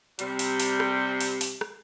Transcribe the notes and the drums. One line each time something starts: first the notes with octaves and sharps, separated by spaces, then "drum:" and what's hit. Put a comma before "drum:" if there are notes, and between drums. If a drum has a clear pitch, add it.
C3 G3, drum: hi-hat
drum: open hi-hat
drum: open hi-hat
drum: rim click
drum: open hi-hat
drum: open hi-hat
drum: rim click